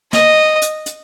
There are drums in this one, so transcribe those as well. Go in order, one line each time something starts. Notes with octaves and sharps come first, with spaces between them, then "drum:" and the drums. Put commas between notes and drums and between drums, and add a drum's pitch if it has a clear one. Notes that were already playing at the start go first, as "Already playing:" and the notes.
D#5, drum: snare
drum: hi-hat
drum: hi-hat